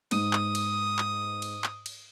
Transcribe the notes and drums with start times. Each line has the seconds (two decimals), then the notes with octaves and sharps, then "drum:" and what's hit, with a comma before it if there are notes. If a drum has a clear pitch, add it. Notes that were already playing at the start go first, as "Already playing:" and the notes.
0.11 G#2 D#6 D#7, drum: cymbal
0.33 drum: clap
0.55 drum: cymbal
0.99 drum: clap
1.42 drum: cymbal
1.64 drum: clap
1.86 drum: cymbal